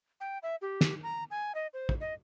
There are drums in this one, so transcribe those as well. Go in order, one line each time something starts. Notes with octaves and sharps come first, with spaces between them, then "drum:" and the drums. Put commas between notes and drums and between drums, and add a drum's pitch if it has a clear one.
G5
E5
G4
drum: snare
A#5
G#5
D#5
C5
drum: kick
D#5